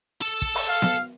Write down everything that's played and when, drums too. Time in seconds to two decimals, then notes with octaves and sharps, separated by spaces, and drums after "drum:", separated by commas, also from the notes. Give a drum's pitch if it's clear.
0.21 A4 A5
0.42 drum: kick
0.55 drum: open hi-hat
0.69 F5
0.82 drum: snare B3